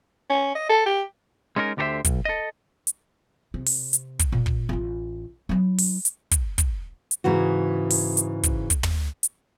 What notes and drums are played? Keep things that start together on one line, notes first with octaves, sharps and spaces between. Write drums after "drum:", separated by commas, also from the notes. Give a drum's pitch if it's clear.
C#4
D#5
A4
G4
G#3 C#4 D#4 F#4 A#4
D2 D3 G4 A#4 C5 E5
B1, drum: kick, hi-hat
A4 D#5
drum: hi-hat
C3
drum: open hi-hat
drum: hi-hat
drum: kick, hi-hat
A#2
drum: kick
A1 F4
F#3 E4
drum: open hi-hat
drum: hi-hat
drum: kick, hi-hat
drum: kick, hi-hat
drum: hi-hat
G#2 C#3 E3 F#4
drum: open hi-hat
drum: hi-hat
drum: kick, hi-hat
drum: kick, hi-hat
drum: tom
drum: hi-hat